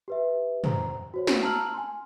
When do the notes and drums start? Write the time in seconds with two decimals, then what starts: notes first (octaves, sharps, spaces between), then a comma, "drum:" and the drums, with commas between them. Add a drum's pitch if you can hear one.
0.08 G4 B4 E5
0.64 C5 A#5, drum: tom
1.14 F#4 C5 C#5
1.27 drum: snare
1.42 A5 A#5 E6 F6 F#7
1.74 G#5 C6